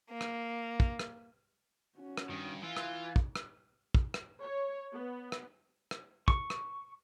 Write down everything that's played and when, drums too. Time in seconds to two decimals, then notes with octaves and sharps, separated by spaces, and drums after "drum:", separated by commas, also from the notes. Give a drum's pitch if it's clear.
0.11 A#3
0.21 drum: rim click
0.80 drum: kick
0.99 drum: rim click
1.97 C#4 F#4
2.17 drum: rim click
2.30 G2 D#3
2.63 E3 F4 F5
2.77 drum: rim click
3.16 drum: kick
3.36 drum: rim click
3.95 drum: kick
4.14 drum: rim click
4.42 C#5
4.93 B3
5.32 drum: rim click
5.91 drum: rim click
6.28 C#6, drum: kick
6.50 drum: rim click